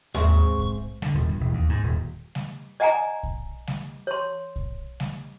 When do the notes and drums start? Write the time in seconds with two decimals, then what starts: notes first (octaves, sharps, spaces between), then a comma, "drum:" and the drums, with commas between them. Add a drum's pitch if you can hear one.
0.14 G#2 C4 G#4 E5 C#6, drum: tom D#2
0.59 drum: kick B1
1.02 D3, drum: snare G3
1.14 D#1
1.29 G2
1.40 E1
1.53 D#2
1.69 G#2
1.83 D#1
2.35 drum: snare G3
2.80 D5 D#5 F#5 G#5 A#5
3.23 drum: kick B1
3.68 drum: snare G3
4.07 C#5 C6
4.56 drum: kick B1
5.00 drum: snare G3